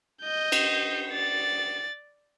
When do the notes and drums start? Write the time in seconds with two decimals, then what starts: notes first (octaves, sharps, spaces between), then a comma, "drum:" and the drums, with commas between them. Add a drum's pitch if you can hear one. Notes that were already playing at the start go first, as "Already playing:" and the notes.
0.22 D#5 G6
0.52 drum: cymbal
1.11 D5 A6